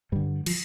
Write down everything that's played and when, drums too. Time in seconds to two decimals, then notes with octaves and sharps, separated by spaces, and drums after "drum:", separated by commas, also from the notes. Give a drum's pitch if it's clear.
0.12 G2 D3 G3
0.46 F3, drum: cymbal